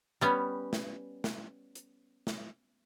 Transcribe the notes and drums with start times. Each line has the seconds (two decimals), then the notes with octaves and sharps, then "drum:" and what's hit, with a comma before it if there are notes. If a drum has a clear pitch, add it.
0.21 G3 B3 C#4, drum: hi-hat
0.73 drum: snare
1.24 drum: snare
1.75 drum: hi-hat
2.27 drum: snare